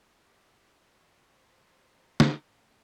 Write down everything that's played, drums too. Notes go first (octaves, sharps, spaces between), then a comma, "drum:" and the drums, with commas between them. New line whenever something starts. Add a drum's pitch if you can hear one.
G4
F#4
B4 C5
F#3
drum: snare
F2 A2 C#4